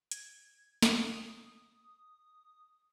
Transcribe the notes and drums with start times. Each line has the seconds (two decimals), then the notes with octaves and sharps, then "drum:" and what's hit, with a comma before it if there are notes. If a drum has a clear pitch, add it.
0.11 G#6, drum: hi-hat
0.82 D#6, drum: snare